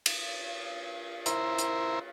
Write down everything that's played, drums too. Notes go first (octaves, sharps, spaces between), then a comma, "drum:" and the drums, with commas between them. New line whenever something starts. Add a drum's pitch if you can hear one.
drum: cymbal
E4 A#4 C5, drum: hi-hat
drum: hi-hat